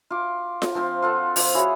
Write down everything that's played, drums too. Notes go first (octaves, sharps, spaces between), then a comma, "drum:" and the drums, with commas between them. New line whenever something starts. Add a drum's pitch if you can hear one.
F4 D6
drum: snare F4
F3 C4 F4
F4 A4 F#5
F3, drum: open hi-hat
E4 F#4 G#4 C#5